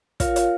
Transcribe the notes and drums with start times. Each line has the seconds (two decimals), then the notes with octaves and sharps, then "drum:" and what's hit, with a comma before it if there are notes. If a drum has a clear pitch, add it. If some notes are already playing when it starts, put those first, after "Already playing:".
0.20 F4 A#4 C#5 F5, drum: kick, hi-hat
0.36 drum: hi-hat